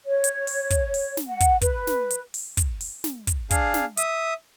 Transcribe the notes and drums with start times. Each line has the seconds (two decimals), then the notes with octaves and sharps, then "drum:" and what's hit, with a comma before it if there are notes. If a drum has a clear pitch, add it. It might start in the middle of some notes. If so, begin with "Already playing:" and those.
0.06 C#5
0.24 drum: hi-hat
0.47 drum: open hi-hat
0.70 drum: kick, hi-hat
0.94 drum: open hi-hat
1.17 drum: snare
1.28 F#5
1.40 drum: kick, hi-hat
1.61 B4, drum: kick, hi-hat
1.87 drum: snare
2.10 drum: hi-hat
2.34 drum: open hi-hat
2.57 drum: kick, hi-hat
2.81 drum: open hi-hat
3.04 drum: snare
3.27 drum: kick, hi-hat
3.51 D4 G#4 F5, drum: kick, hi-hat
3.74 drum: snare
3.97 E5 D#6, drum: hi-hat